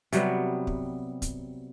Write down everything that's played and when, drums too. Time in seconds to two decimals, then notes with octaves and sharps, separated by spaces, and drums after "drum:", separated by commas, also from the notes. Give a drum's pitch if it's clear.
0.12 C3 F#3 G3 B3, drum: hi-hat
0.67 drum: kick
1.22 drum: kick, hi-hat